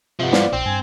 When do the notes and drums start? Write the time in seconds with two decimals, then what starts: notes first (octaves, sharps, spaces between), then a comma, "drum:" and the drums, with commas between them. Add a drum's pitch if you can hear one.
0.20 C3 F3 B3 D#5 E5
0.33 C5 D5 F5, drum: snare
0.53 A#1 C4
0.66 G2 G#5